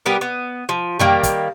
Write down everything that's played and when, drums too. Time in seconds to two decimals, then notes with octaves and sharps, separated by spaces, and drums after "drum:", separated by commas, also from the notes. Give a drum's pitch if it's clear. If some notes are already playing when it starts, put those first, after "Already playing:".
0.06 G3 B3 G4 A#4
0.21 B3
0.69 F3
0.99 D#3 G3 A#3, drum: tom F2
1.23 drum: kick, hi-hat